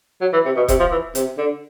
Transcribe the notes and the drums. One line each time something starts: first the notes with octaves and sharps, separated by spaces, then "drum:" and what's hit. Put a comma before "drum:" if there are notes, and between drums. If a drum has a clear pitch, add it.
F#3
E3
C3
B2
C3, drum: kick, hi-hat
F3
E3
C3, drum: hi-hat
D3